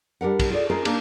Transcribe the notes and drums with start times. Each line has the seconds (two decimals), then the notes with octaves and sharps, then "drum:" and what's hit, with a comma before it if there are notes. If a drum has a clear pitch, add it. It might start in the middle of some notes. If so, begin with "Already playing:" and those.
0.21 G3 D4 A#4 F#5
0.39 drum: kick, cymbal
0.50 F4 G#4 A4 D5
0.70 C#4 F4 G#4 A#4 C5 D#5
0.85 A#3 D4 D#4, drum: cymbal